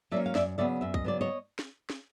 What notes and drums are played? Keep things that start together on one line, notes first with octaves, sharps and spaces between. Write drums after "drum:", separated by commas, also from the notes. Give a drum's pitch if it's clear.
F#3 A#3 C#4 D5 E5
F5
F#2 D5 E5, drum: snare
C#3 F#3 B3 D5 E5
F#2 E5
D#5, drum: kick
C#3 F#3 B3 D5
C#5 D#5
drum: snare
drum: snare